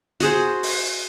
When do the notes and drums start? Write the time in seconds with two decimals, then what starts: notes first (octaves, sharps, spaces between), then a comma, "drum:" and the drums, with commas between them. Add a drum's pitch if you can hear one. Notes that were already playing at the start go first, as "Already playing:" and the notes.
0.20 F#4 G#4 C5, drum: hi-hat
0.63 drum: open hi-hat